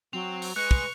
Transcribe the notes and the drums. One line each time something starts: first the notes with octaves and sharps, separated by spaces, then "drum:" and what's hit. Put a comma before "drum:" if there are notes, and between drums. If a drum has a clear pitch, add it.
F#3 C4 F7
drum: open hi-hat
G#3 B4 C#6 F#6
drum: kick